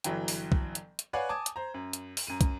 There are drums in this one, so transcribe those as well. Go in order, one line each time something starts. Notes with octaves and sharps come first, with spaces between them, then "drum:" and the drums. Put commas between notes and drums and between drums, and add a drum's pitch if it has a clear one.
G1 E3 F#3 G5, drum: hi-hat
drum: open hi-hat
drum: kick
drum: hi-hat
drum: hi-hat
B4 C#5 D5 F5 F#5 G#5
G#5 A5 D6 D#6 G#6
drum: hi-hat
C5 A#5
F#2
drum: hi-hat
drum: open hi-hat
F#2 D#7
drum: kick, hi-hat